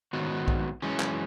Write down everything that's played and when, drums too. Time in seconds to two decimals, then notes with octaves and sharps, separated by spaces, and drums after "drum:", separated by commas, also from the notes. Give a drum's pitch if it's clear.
0.13 G#2 D#3 F#3 B3 F#4
0.48 drum: kick A#1
0.82 F#2 E3 G#3 C#4
1.00 drum: clap